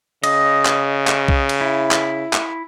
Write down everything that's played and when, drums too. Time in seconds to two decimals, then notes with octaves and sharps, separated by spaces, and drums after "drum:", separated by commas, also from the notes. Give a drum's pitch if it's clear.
0.24 C#3 D#5, drum: cymbal
0.65 drum: clap
1.07 drum: clap
1.28 drum: kick B1
1.49 drum: cymbal
1.61 E4
1.91 drum: clap
2.33 drum: clap